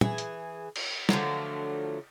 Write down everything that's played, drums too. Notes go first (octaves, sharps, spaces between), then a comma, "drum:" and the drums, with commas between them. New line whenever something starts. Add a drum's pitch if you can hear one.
E3 G#4, drum: tom
drum: hi-hat
drum: cymbal
D3 F3 F#3 A3, drum: snare